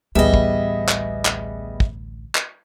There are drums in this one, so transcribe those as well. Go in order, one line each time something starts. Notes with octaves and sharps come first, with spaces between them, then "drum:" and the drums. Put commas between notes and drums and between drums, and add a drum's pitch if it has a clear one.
A1 D2 G3 B3 G#4 D#5 E5
drum: kick
drum: clap
drum: clap
drum: kick
drum: clap